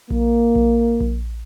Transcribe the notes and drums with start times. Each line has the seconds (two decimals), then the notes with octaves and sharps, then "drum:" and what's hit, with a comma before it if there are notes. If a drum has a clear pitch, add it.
0.11 A#3, drum: kick A#1
0.56 drum: kick A#1
1.01 drum: kick A#1